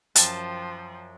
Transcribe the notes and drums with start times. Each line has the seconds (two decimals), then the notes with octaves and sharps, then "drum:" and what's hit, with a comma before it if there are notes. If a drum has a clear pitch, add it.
0.16 F#2 F3 G5 A5, drum: hi-hat